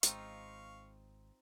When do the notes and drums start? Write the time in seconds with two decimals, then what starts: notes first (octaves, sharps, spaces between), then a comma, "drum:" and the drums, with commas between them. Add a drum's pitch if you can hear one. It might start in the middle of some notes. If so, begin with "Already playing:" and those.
0.03 G#1 G#3 C4 D#4 F4 F5 C#6, drum: hi-hat